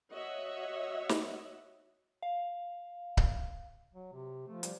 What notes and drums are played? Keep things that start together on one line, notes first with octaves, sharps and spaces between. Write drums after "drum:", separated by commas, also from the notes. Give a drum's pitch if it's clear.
F#4 C#5 D#5 E5 F#5
drum: snare
F5
drum: kick C#1
F#3
C3
F3 A3
G3, drum: hi-hat